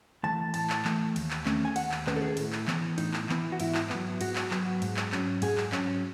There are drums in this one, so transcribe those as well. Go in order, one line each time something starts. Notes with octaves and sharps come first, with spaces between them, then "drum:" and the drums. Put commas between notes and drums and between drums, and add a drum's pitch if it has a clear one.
E3 A3 A5
A2 A5, drum: cymbal
drum: clap
E3 A3, drum: clap
D#2, drum: cymbal
drum: clap
D#3 A3 C#4, drum: clap
G#5
D#2 F#5, drum: cymbal
drum: clap
D#3 A3 C#4 B4, drum: clap
A4
G#4
A2, drum: cymbal
drum: clap
E3 B3, drum: clap
A2 D#4, drum: cymbal
drum: clap
E3 B3, drum: clap
F#4
G#2 E4, drum: cymbal
drum: clap
B3, drum: clap
F#3
G#2 F#4, drum: cymbal
drum: clap
F#3 B3, drum: clap
G#2, drum: cymbal
drum: clap
F#3 C#4, drum: clap
G#2 G#4, drum: cymbal
drum: clap
F#3 C#4, drum: clap